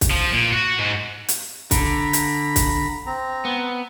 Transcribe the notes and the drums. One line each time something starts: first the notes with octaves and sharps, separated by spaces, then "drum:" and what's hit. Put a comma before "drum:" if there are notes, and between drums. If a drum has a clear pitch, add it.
drum: kick, hi-hat
F3 F4
A#2
F#4
G#2
drum: hi-hat
D3 A#5 B5, drum: kick, hi-hat
drum: hi-hat
drum: kick, hi-hat
C4 A#5
B3